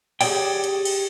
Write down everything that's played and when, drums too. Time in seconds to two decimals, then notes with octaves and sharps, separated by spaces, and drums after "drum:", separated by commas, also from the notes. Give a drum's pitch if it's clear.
0.21 G4 G#4 A#4 C#5 D5 G5, drum: cymbal
0.64 drum: hi-hat
0.85 drum: cymbal